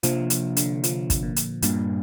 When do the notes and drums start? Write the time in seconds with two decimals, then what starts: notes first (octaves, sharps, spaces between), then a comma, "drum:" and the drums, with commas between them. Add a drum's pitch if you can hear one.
0.03 C3 F3 A#3 D4, drum: hi-hat
0.30 drum: hi-hat
0.57 D3, drum: hi-hat
0.84 F3, drum: hi-hat
1.10 drum: kick, hi-hat
1.23 A#2
1.36 drum: hi-hat
1.62 G2 A#2 G3 A#3 D4, drum: hi-hat